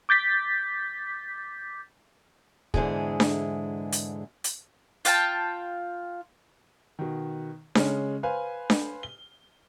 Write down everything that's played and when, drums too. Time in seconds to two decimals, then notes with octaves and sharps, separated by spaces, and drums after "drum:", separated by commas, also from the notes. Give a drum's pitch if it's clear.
0.09 D6 G6 A6 B6
2.74 E2 G#2 D3 G#3 E4 G#4, drum: kick
3.20 drum: snare D4
3.92 drum: hi-hat
4.44 drum: hi-hat
5.05 F4 F5 G5 A5, drum: hi-hat
6.99 B2 D#3
7.75 C#3 G#3 C#4, drum: snare D4
8.23 B4 C5 F5 G#5
8.70 drum: snare D4
9.03 G7